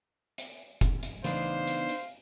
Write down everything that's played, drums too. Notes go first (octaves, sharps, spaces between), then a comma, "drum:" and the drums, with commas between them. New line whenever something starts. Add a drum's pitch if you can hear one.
drum: hi-hat
drum: kick F1, hi-hat
drum: hi-hat
C#3 E3 A3 B3 D4 D#4 C5 F5, drum: hi-hat
drum: hi-hat
drum: hi-hat